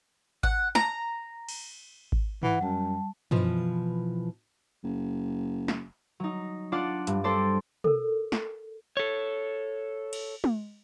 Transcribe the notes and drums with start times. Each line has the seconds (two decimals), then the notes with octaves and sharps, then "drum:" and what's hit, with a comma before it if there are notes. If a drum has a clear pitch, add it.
0.43 F#5, drum: kick G#1
0.75 A#5, drum: snare
1.49 drum: cymbal
2.12 drum: kick G#1
2.43 E3 F#5, drum: tom G2
2.61 F#2 G3 A5
3.31 B2 E3 F3, drum: tom
4.84 F#1
5.68 drum: snare
6.20 F#3 D#4
6.72 D4 F4 D5 F#5
7.07 G2, drum: hi-hat
7.24 C4 D4 A4 C5 D5
7.84 A4 A#4, drum: tom
8.32 drum: snare
8.97 A4 C#5
10.13 drum: cymbal
10.44 drum: tom